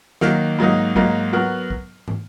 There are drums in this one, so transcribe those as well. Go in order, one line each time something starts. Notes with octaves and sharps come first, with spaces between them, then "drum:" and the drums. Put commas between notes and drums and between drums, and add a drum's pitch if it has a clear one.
D#3 F#3 A#3, drum: snare
G#2 F#3 A#3 D#4
G#2 F#3 A#3 D#4, drum: kick
F#3 B3 F#4 A#4
drum: kick
drum: tom